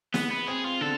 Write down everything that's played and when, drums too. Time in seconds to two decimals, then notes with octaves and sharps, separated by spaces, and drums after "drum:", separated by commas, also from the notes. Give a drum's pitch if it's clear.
0.14 G#3 B3, drum: snare
0.31 B3
0.48 C4 G#4
0.64 F4
0.81 D3 A4